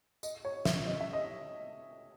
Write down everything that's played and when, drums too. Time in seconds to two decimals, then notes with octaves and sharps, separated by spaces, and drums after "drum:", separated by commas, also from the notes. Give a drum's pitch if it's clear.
0.23 D#5, drum: tambourine
0.45 C#5
0.65 E5, drum: snare
0.87 D#5
1.01 E5
1.13 D#5